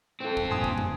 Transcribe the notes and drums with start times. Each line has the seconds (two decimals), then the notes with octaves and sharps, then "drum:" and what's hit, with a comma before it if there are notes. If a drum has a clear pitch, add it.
0.20 C4 F4 A4 C5
0.37 drum: kick
0.51 G2 A#2 G#5 C6 D#6
0.64 drum: kick
0.78 drum: tom